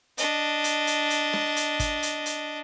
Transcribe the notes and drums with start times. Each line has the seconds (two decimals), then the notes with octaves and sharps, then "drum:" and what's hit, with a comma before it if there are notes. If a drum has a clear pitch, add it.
0.18 D4 D#5, drum: hi-hat
0.64 drum: hi-hat
0.87 drum: hi-hat
1.10 drum: hi-hat
1.33 drum: snare
1.56 drum: hi-hat
1.80 drum: kick, hi-hat
2.03 drum: hi-hat
2.26 drum: hi-hat